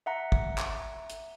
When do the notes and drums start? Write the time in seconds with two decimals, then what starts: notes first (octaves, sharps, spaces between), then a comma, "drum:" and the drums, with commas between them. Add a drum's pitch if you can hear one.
0.06 E5 F#5 A#5
0.32 drum: kick
0.58 drum: clap
1.10 drum: hi-hat